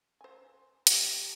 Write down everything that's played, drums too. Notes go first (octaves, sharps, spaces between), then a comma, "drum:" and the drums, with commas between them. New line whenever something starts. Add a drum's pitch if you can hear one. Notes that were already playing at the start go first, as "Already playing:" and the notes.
C5 G#5
G4 A4 A#5, drum: hi-hat